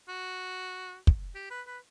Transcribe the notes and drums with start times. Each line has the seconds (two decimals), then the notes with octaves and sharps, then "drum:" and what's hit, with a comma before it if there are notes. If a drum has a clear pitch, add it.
0.08 F#4
1.07 drum: kick
1.35 G4
1.50 B4
1.67 B4